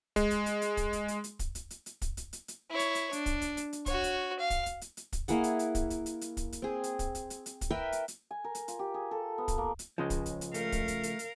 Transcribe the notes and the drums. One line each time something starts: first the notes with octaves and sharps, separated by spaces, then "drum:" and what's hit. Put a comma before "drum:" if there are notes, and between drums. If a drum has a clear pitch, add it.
G#3, drum: kick, hi-hat
drum: hi-hat
drum: hi-hat
drum: hi-hat
drum: kick, hi-hat
drum: hi-hat
drum: hi-hat
drum: hi-hat
drum: kick, hi-hat
drum: hi-hat
drum: hi-hat
drum: hi-hat
drum: kick, hi-hat
drum: hi-hat
drum: hi-hat
drum: hi-hat
E4 C#5
drum: hi-hat
drum: hi-hat
D4, drum: hi-hat
drum: kick, hi-hat
drum: hi-hat
drum: hi-hat
drum: hi-hat
F#4 C#5, drum: kick, hi-hat
drum: hi-hat
F5
drum: kick, hi-hat
drum: hi-hat
drum: hi-hat
drum: hi-hat
drum: kick, hi-hat
A#3 E4 G#4 F#5, drum: hi-hat
drum: hi-hat
drum: hi-hat
drum: kick, hi-hat
drum: hi-hat
drum: hi-hat
drum: hi-hat
drum: kick, hi-hat
drum: hi-hat
C4 G#4
drum: hi-hat
drum: kick, hi-hat
drum: hi-hat
drum: hi-hat
drum: hi-hat
drum: kick, hi-hat
A#4 B4 E5 G5
drum: hi-hat
drum: hi-hat
G#5
A#4
drum: hi-hat
F4, drum: hi-hat
G4
G#4
A4
B3
drum: kick, hi-hat
A#3
drum: hi-hat
C#2 C#3 F3 G#3 D#5
drum: kick, hi-hat
drum: hi-hat
drum: hi-hat
A3 A#4 F5, drum: hi-hat
drum: kick, hi-hat
drum: hi-hat
drum: hi-hat
drum: hi-hat